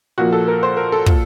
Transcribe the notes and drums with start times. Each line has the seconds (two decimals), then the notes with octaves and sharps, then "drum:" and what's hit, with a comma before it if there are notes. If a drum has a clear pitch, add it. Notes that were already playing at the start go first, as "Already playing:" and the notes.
0.18 A#2 F3 A#3 F#4
0.32 A4
0.48 A#4
0.63 C5
0.77 A#4
0.92 A4
1.06 A#2, drum: kick